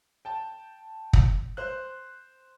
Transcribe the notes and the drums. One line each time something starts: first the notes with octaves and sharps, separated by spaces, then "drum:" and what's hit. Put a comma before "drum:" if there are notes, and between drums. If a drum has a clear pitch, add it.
G5 A5
drum: kick
C5 F#6